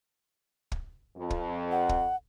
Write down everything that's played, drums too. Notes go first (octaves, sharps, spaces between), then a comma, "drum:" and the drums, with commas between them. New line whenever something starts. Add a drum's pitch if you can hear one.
drum: kick
F2
drum: kick
F#5
drum: kick